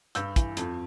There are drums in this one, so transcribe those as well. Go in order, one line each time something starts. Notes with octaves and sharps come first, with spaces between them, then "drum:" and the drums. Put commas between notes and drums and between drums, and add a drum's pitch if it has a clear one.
G2 E6 G6, drum: hi-hat
E3, drum: kick, hi-hat
F2, drum: hi-hat